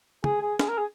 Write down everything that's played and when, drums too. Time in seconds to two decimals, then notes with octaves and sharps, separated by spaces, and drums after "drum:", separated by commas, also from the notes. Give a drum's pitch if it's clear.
0.24 G#4, drum: tom
0.42 G#4
0.59 G#4, drum: snare
0.69 A#4
0.78 G#4